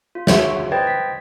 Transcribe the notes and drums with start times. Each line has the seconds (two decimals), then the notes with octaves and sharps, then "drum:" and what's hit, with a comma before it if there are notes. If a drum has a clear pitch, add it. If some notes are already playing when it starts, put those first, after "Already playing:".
0.15 F4
0.27 F4 F#4 G#4 C#5 E5, drum: snare
0.72 B4 C5 D#5 G5 G#6 A6
0.87 B6